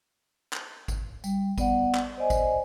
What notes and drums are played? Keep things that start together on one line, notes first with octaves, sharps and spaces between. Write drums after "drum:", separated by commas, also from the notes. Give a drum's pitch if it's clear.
drum: clap
drum: kick G#1, tambourine
G3, drum: tambourine
B3 D5 F#5, drum: kick G#1, tambourine
drum: clap
C5 D5 D#5 G#5
drum: kick G#1, tambourine